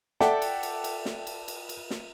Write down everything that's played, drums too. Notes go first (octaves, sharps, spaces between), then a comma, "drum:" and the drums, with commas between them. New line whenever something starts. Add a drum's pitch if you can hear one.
A4 D5 E5 F#5 G5, drum: snare
drum: cymbal
drum: cymbal
drum: cymbal
drum: snare
drum: cymbal
drum: cymbal
drum: cymbal
drum: snare